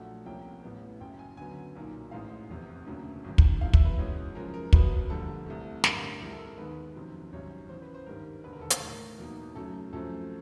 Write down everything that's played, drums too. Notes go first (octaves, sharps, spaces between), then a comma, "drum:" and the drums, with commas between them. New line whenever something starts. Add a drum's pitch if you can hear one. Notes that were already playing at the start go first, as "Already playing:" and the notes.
Already playing: A#1 A#2 F#3 A3 F#5
C2 C3 F3 A#3 C#4 G5
A1 A2 E3 G3 B3
F#1 F#2 C#3 G5
G#5
F#2 D3 F#3 B3 G#5
B1 A#2 F#3 A#3 D#4
A1 G#2 E3 G#3 F5
F1 E2 C3
E1 D2 C#3 F#3 A#3
G#1 F#2 D#3
drum: kick
F2 C3 E3 F5
E5, drum: kick
B4
E2 B2 G#3 C#4 E4
F#2 C#3 F3 G#3 A#4
A#4
C2 B2 F#3 B4, drum: kick
F2 D3 G3 A#3 A4
C2 C3 E3 A3
A1 G2 D3 A#4, drum: snare
C2 C3 E3 G#3 A#4
A4
A#4
D#2 D#3 G#3 B3 B4
F#1 F2 C3 D#3 F#3
G#1 F#2 D#3 G3 C#5
E2 C#3 E3 C5
B4
C5
G#1 G2 D#3 G3 A#4
E1 D#2 D3 B4
A#4
A4
A#4, drum: hi-hat
A2 E3 A3 A#4
E2 B2 F#3 A#3 D#4
F#2 C#3 F#3 A3 A4
F#2 C#3 F3 A3 C4 A4